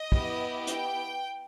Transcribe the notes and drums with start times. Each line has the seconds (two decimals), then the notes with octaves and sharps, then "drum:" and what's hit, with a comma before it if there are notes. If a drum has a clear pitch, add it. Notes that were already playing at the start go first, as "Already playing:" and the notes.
Already playing: D#5
0.12 B3 E4 G4, drum: kick
0.67 G5, drum: hi-hat